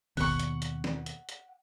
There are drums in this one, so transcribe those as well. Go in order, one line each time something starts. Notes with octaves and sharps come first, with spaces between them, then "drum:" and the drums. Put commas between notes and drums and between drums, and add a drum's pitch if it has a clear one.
D#2 B2 F#5 C#6, drum: kick G#1, open hi-hat
drum: hi-hat
drum: hi-hat
drum: snare
drum: hi-hat
drum: hi-hat